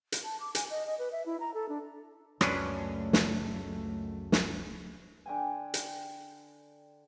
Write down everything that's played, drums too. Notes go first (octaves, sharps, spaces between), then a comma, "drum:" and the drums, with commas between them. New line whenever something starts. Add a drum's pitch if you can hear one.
drum: hi-hat
A5
D6
G#5, drum: hi-hat
D#5
D#5
B4
E5
E4
A#5
A4
D4
C#2 F#2 A3 C#4 D4 B4, drum: rim click
drum: snare
drum: snare
D3 G5 G#5
drum: hi-hat